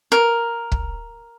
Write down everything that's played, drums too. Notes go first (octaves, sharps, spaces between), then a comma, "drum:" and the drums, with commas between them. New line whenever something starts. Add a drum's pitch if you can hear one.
A#4
drum: kick